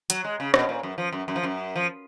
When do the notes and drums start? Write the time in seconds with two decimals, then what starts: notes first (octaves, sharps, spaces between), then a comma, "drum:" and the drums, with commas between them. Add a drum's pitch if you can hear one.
0.10 F#3, drum: hi-hat
0.25 G#3
0.40 C#3
0.54 B2, drum: rim click
0.69 A#2
0.83 F#2
0.98 F3
1.12 F#2
1.28 F#2
1.36 F3
1.43 F#2
1.76 F3